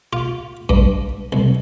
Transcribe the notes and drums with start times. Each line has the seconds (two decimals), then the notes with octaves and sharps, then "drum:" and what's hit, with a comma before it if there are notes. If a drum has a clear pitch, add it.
0.13 F4
0.69 G2, drum: kick
1.33 C2